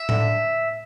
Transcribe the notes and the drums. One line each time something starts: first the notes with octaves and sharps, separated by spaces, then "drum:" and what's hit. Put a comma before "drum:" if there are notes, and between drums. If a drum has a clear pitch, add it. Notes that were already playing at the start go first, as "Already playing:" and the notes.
Already playing: E5
D3, drum: tom A2